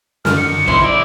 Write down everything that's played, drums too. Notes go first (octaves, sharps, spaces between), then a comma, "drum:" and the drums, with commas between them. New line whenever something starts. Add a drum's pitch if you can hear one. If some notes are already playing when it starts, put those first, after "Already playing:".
F#2 D3 D#3 F6, drum: snare
C#7
E4 C5, drum: kick
E4 D5 D7